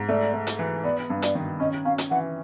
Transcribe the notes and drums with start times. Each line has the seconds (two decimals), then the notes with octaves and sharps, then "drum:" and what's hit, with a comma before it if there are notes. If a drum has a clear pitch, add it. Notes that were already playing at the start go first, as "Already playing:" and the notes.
Already playing: G#2
0.09 A3 D5
0.34 A3
0.47 drum: hi-hat
0.59 E3
0.84 B3 D5
1.10 G2
1.22 D5, drum: hi-hat
1.35 D#3
1.60 C#4 D#5
1.85 C#4 F5
1.98 drum: hi-hat
2.11 E3 F#5